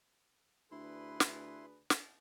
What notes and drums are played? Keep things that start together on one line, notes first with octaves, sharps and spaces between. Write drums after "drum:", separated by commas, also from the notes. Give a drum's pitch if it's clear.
D2 D4 E4 G#4 B4 C6
drum: snare
drum: snare